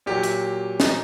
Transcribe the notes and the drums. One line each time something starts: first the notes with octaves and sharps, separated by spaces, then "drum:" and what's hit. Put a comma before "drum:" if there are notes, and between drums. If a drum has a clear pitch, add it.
A#2 F#3 G4
drum: hi-hat
D#4, drum: snare